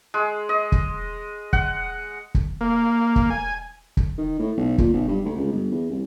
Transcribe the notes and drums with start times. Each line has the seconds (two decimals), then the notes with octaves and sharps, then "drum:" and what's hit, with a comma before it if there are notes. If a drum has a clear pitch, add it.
0.14 G#3
0.49 D#5
0.72 drum: kick
1.53 F#5, drum: kick
2.35 drum: kick
2.61 A#3
3.16 drum: kick
3.30 G#5
3.97 drum: kick
4.18 D#3
4.39 A2
4.57 B1
4.78 A#2, drum: kick
4.93 B1
5.08 G2
5.25 D2
5.36 C#2
5.52 G1
5.71 E2
5.90 C2